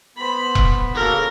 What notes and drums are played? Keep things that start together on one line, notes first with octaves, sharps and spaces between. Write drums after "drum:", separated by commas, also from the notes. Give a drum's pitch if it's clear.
B3 C5 B5
drum: kick E1
C#3 A#3 F#4 A4 A#4